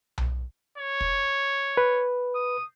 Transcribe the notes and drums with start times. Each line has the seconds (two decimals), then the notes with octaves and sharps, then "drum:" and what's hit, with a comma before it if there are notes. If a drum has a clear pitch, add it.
0.18 drum: tom B1
0.78 C#5
1.01 drum: kick
1.77 B4
2.35 D#6